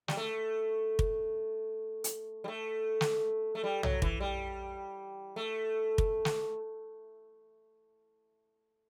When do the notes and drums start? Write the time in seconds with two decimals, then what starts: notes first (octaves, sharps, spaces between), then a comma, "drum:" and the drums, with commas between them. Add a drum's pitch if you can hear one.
0.08 G3, drum: snare
0.17 A3
0.99 drum: kick
2.04 drum: hi-hat
2.44 G3
2.48 A3
3.01 drum: snare
3.55 A3
3.64 G3
3.83 F#3, drum: tom
4.02 E3, drum: kick
4.20 G3
5.36 A3
5.98 drum: kick
6.25 drum: snare